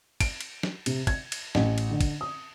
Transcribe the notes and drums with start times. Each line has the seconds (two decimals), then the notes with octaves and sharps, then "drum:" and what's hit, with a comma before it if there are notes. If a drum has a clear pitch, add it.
0.20 D7, drum: kick, cymbal
0.41 drum: cymbal
0.63 drum: snare
0.86 C3, drum: cymbal
1.07 G#6, drum: kick, cymbal
1.32 drum: cymbal
1.55 A1, drum: snare
1.78 drum: cymbal
1.90 D3
2.01 drum: kick, cymbal
2.21 D#6